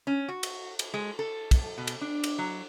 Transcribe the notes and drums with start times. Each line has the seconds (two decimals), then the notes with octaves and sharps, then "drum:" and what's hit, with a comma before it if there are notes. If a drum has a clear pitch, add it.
0.07 C#4
0.28 F#4
0.43 drum: cymbal
0.79 drum: cymbal
0.94 G#3
1.19 A4
1.51 drum: kick, cymbal
1.78 B2
1.87 drum: cymbal
2.01 D4
2.24 drum: cymbal
2.38 F#3